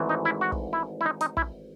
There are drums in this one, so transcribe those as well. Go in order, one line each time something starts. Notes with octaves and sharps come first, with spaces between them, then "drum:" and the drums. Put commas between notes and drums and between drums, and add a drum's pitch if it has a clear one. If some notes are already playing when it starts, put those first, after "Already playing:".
Already playing: G#1 G#2 E3 A3
D#4
E4
F#4
drum: kick
E4
E4
D#4
D#4, drum: hi-hat
E4, drum: kick